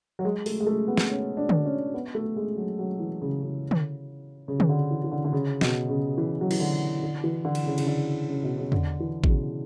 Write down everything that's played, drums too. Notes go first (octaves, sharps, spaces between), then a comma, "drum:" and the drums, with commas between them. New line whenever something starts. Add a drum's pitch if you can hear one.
F#3
G#3
A3, drum: open hi-hat
G#3
A3
B3
drum: snare
C#4
D4
drum: tom D3
C#4
B3
A3
G#3
F#3
F#3
E3
C#3
C#3
drum: tom D3
C#3
drum: tom D3
D3
E3
E3
D3
D3
C#3
B2, drum: snare
C#3
E3
F#3
E3, drum: cymbal
D3
D3
E3
D3
drum: cymbal
C#3
C#3, drum: cymbal
D3
C#3
B2
C#3
D3, drum: tom E2
E3
B2, drum: kick A1
C#3